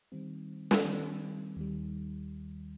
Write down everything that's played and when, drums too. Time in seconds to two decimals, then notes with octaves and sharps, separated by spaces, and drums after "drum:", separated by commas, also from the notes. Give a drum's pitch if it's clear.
0.12 D#3 G3 C4
0.71 drum: snare
0.85 D#3 G3 C4
1.56 D#2 D#3 G3